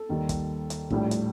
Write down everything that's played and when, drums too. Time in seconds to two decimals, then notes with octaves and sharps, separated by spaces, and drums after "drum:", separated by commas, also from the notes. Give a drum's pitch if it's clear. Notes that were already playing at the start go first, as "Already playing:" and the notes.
Already playing: A4
0.09 D#2 D#3 G3
0.29 drum: kick, hi-hat
0.70 drum: hi-hat
0.90 A#1 A2 G3, drum: kick
1.11 drum: hi-hat